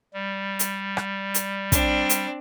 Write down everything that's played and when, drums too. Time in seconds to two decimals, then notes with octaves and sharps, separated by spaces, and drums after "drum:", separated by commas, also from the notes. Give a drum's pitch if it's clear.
0.14 G3
0.59 drum: hi-hat
0.97 drum: rim click
1.34 drum: hi-hat
1.72 C4 D4, drum: kick, hi-hat
2.09 drum: hi-hat